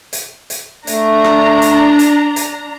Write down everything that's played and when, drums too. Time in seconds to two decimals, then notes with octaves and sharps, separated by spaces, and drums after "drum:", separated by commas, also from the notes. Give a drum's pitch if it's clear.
0.13 drum: hi-hat
0.50 drum: hi-hat
0.87 A3 D4 A#5, drum: hi-hat
1.24 drum: rim click
1.62 drum: hi-hat
1.99 drum: hi-hat
2.36 drum: hi-hat